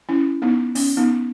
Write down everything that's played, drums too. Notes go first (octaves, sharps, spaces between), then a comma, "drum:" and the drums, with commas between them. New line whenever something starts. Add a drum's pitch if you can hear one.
C#4 E4
B3 D#4
C#4, drum: open hi-hat
B3 D#4